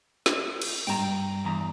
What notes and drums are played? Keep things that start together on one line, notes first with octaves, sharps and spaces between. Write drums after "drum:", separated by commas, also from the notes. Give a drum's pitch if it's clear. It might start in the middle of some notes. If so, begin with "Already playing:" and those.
drum: snare
drum: cymbal
G2 G5 A#5, drum: open hi-hat
E2 A#5